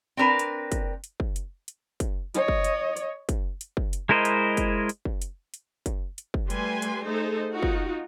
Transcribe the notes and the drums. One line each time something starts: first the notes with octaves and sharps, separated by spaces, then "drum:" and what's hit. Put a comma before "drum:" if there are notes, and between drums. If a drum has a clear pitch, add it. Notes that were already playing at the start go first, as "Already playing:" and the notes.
C4 D4 A#4 B4
drum: hi-hat
drum: kick, hi-hat
drum: hi-hat
drum: kick
drum: hi-hat
drum: hi-hat
drum: kick, hi-hat
C#5 D#5, drum: hi-hat
drum: kick
drum: hi-hat
drum: hi-hat
drum: kick, hi-hat
drum: hi-hat
drum: kick
drum: hi-hat
G#3 E4 A#4 C5 D#5
drum: hi-hat
drum: kick, hi-hat
drum: hi-hat
drum: kick
drum: hi-hat
drum: hi-hat
drum: kick, hi-hat
drum: hi-hat
drum: kick
G3 A3 B4 G#5 C6, drum: hi-hat
drum: hi-hat
A3 D#4 G#4 A4 C5
D#4 F4 F#4
drum: kick